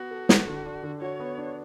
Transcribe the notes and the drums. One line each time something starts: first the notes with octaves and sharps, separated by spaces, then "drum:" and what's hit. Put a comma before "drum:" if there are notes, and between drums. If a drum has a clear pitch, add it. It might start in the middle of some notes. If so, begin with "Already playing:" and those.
Already playing: B3 F#4
A4
A4, drum: snare
D3
D4
D3
F#4 C#5
B3
D4